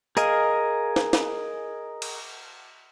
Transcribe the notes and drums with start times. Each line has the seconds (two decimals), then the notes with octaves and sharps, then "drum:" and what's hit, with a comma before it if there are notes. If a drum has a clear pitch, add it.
0.17 G#4 A#4 D#5 F5 G#5, drum: tambourine
0.96 drum: snare
1.13 drum: snare
2.02 drum: cymbal